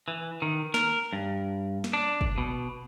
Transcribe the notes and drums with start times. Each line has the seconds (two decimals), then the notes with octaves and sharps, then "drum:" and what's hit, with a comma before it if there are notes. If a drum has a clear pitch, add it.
0.08 E3
0.42 D#3
0.74 A#4, drum: snare
1.13 G2
1.84 drum: snare
1.93 D4
2.21 drum: kick
2.38 B2